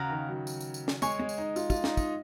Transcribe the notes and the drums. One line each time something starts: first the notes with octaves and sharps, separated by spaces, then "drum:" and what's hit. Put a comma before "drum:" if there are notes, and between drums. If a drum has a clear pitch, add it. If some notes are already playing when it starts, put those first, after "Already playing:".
Already playing: C#3 F#4 A#4 F5 A#5
D#3
F#3
drum: tambourine
drum: tambourine
drum: tambourine
drum: snare
G#3 C#5 G#5 C#6, drum: tambourine
G#3
drum: tambourine
D#4
F4, drum: tambourine
F4, drum: kick, tambourine
D#4, drum: snare
D#4, drum: kick, tambourine